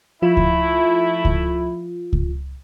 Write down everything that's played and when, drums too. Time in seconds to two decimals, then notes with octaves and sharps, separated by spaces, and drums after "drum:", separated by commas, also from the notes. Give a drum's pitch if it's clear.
0.22 F3 A3 E4 F4
0.37 drum: kick C#2
1.25 drum: kick C#2
2.13 drum: kick C#2